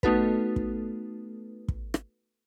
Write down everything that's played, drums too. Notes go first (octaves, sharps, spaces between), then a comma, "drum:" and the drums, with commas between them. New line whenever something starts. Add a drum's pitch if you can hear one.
A3 B3 D#4 F#4 A4 B4, drum: kick
drum: kick
drum: kick
drum: rim click